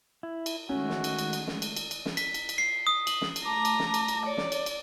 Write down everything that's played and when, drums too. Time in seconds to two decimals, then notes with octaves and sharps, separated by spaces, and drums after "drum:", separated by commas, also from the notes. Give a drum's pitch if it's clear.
0.23 E4
0.46 drum: cymbal
0.69 D#3 G#3 A3 C#4 F#4
0.90 drum: snare
1.04 drum: cymbal
1.19 drum: cymbal
1.33 drum: cymbal
1.48 drum: snare
1.62 drum: cymbal
1.76 drum: cymbal
1.91 drum: cymbal
2.05 drum: snare
2.17 B6, drum: cymbal
2.34 drum: cymbal
2.49 drum: cymbal
2.58 C7
2.87 D#6
3.07 F#7, drum: cymbal
3.21 drum: snare
3.36 drum: cymbal
3.45 A3 A5 A#5 D6
3.65 drum: cymbal
3.79 drum: snare
3.94 drum: cymbal
4.08 drum: cymbal
4.26 C#5 D5
4.37 drum: snare
4.52 drum: cymbal
4.66 drum: cymbal